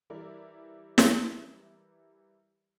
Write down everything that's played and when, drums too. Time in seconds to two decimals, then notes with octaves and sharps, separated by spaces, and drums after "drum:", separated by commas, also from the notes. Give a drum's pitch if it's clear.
0.10 E3 G3 E4 A#4 D5 E5
0.98 drum: snare